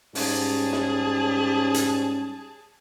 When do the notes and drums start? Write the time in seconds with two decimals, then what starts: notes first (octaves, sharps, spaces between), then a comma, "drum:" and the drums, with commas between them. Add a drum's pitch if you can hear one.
0.15 G#2 G3 C#4 G#4 A5, drum: open hi-hat
0.73 drum: snare
1.74 drum: hi-hat